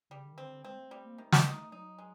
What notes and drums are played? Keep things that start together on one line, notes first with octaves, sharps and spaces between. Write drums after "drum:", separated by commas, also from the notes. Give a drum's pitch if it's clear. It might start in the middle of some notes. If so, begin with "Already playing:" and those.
C#3 G3
D3
D#3
D3 C4
D3
G#3 C4
A3
G3 A3
A#3
D#3 A3
drum: snare
D#4
F#3 D#4
G#3